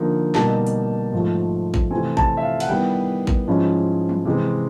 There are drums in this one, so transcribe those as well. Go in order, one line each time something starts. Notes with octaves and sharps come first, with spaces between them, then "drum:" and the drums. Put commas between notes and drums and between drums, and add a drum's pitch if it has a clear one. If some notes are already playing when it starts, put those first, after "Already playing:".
Already playing: D3 F3 A#3 D#4
B2 G3 A#3 D#4 A5, drum: snare
drum: hi-hat
G#2 F3 A3
drum: kick A1
C3 E3 A3 C4 G#5
A5, drum: kick A1
E5
F5
F#5, drum: cymbal
D#3 G3 B3 E4 G5
drum: kick A1
G#2 F3 G#3 C#4 E4
drum: tom F3
C3 E3 G#3 C4